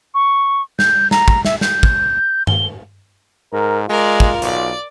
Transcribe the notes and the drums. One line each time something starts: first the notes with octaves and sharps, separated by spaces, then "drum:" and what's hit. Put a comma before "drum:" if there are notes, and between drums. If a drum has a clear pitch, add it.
C#6
G6, drum: snare
A#5, drum: snare
drum: kick
E5, drum: snare
G6, drum: snare
drum: kick
G7, drum: tom G2
G#2 A#4
G#3 F4 A#4 D5
drum: kick
B1 D5, drum: hi-hat